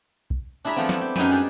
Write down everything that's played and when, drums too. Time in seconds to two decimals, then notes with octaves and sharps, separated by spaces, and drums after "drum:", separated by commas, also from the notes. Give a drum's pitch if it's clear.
0.30 drum: kick B1
0.65 D4 E4 G#4 E5 A#5 B5
0.76 F3 A3 B3 C4
0.89 E4, drum: snare
1.01 G4
1.16 F#2 D#4 G4 G#5 B5, drum: snare
1.31 G3 D4 G#4